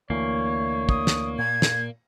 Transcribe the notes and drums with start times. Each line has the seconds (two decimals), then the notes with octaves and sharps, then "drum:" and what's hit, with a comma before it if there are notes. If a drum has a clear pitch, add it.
0.10 D2 E3 A#3 C#5
0.89 D#6, drum: kick
1.07 drum: snare
1.39 A#2 G#6
1.62 drum: snare